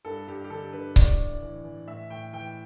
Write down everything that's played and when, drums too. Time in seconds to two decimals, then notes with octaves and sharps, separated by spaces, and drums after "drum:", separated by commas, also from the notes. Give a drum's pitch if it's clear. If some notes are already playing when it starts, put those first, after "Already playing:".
0.05 G2 A4
0.27 G2 G4
0.44 G4
0.50 D3 A4
0.73 D3 B4
0.96 A2 D5, drum: kick C#1
1.19 A2
1.42 E3
1.64 E3
1.87 A2 E5
2.10 A2 G5
2.33 E3 G5